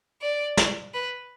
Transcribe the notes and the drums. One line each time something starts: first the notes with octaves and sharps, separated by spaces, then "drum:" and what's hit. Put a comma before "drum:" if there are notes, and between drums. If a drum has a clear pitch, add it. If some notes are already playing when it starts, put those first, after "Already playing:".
D5
drum: snare
B4